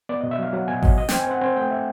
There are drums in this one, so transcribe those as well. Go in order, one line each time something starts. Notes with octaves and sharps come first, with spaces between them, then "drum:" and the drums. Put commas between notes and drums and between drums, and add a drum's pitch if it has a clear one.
B3 D5
B2 D#5
E5
F#3 F5
F#3 F#5
B2 G#5
F#3 D#5, drum: kick G#1
G#2 D#5
G5, drum: snare
C4
G#5
C4 F#5
C4 G#5
A3 G5
E5